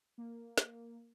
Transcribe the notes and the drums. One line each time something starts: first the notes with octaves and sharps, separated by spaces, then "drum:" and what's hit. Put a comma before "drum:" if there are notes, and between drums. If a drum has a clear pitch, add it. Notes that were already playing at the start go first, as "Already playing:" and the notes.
A#3
drum: snare